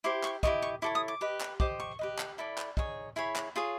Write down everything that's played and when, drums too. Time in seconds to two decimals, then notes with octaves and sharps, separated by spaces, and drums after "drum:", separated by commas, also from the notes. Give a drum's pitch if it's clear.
0.04 E4 G4 C5 D6
0.24 C#6, drum: clap
0.43 E4 G4 A#4 D#5 C#6, drum: kick
0.62 C#6
0.82 E4 A4 C#5 D6
0.95 D#6
1.08 D6
1.21 G4 B4 D#5
1.41 drum: clap
1.60 G4 C5 D#5 D6, drum: kick
1.80 C#6
1.99 G4 B4 D#5
2.19 drum: clap
2.38 E4 A4 D5 B5
2.58 drum: clap
2.77 D#4 G#4 C#5, drum: kick
3.16 E4 G#4 C#5 B5
3.36 drum: clap
3.56 F4 G#4 C#5